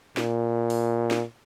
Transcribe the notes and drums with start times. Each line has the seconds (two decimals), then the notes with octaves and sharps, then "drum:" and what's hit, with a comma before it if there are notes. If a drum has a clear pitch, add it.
0.17 A#2, drum: snare
0.70 drum: open hi-hat
1.11 drum: snare